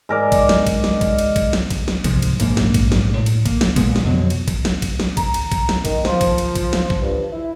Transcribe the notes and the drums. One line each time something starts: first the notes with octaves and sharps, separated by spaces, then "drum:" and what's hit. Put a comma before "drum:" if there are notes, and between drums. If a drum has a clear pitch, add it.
G#2 A#4 D5
drum: kick, cymbal
drum: snare
drum: kick, cymbal
drum: snare
drum: kick, cymbal
drum: cymbal
drum: kick, cymbal
drum: snare
drum: kick, cymbal
drum: snare
C2 G#2 F3, drum: kick, cymbal
drum: cymbal
A#1 G#2 A#3, drum: kick, cymbal
drum: snare
drum: kick, cymbal
drum: snare
A2
drum: cymbal
A#3, drum: kick, cymbal
drum: snare
A#2 G#3 B3, drum: kick, cymbal
drum: snare
F2 B2 D3 F#3
drum: cymbal
drum: kick, cymbal
drum: snare
drum: kick, cymbal
drum: snare
A#5, drum: kick, cymbal
drum: cymbal
drum: kick, cymbal
drum: snare
D#3, drum: kick, cymbal
F3, drum: snare
drum: kick, cymbal
drum: cymbal
drum: kick, cymbal
drum: snare
drum: kick
G2
E4